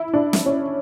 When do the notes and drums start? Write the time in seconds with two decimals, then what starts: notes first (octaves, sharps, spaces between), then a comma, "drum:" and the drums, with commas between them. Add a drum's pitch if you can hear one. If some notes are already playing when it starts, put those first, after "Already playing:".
Already playing: E4
0.13 D4
0.33 drum: snare
0.46 C#4